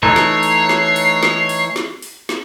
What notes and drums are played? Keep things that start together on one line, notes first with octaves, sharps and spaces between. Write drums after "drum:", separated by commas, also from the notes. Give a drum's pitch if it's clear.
E3 A3 D#4 C#5 C7
drum: snare
drum: open hi-hat
drum: snare
drum: open hi-hat
drum: snare
drum: open hi-hat
drum: snare
drum: open hi-hat
drum: snare